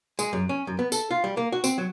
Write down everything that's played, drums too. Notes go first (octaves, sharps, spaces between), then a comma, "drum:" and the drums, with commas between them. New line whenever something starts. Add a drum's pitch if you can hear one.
G#3, drum: tambourine
F#2
C#4
F#2
B3
A4, drum: tambourine
F4
G3
A#3
F#4
C4, drum: tambourine
F#3